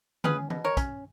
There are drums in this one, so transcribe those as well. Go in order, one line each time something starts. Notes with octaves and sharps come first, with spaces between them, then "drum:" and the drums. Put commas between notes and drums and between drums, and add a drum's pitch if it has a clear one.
C#4 G#4 B4, drum: tom D3
B2, drum: tom E3
A#4 C#5
C#4, drum: kick, hi-hat